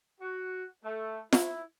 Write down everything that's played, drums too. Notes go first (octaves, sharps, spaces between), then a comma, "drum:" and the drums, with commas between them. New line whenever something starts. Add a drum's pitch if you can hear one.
F#4
A3
E4, drum: snare F4